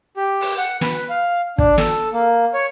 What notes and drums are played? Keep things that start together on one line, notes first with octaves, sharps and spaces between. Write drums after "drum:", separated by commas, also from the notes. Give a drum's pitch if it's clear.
G4
drum: open hi-hat
F#5
B4, drum: snare
F5
D4, drum: kick
A4, drum: snare
A#3
C#5